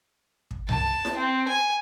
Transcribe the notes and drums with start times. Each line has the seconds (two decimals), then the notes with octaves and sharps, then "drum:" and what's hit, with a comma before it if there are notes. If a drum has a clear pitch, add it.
0.51 drum: kick
0.69 A5, drum: tom C2
1.05 drum: snare E4
1.17 C4
1.48 G#5